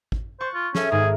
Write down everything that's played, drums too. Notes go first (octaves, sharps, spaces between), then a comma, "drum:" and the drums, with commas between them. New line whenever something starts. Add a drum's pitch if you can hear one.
drum: kick
C5 C#6 F#6 A6
F4
C#4 G#4 A4 E5, drum: snare
G#1 G#2 G#4 A#4